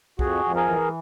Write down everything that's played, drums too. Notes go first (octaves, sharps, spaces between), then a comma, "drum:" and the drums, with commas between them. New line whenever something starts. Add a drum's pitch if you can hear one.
F2 F#4 G#4, drum: kick
F2
G#4 A#4
E3